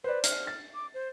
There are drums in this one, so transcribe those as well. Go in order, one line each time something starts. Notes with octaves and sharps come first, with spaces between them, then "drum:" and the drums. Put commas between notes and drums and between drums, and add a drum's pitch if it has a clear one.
B4 C5 D5
F6, drum: hi-hat
A6
D6
C5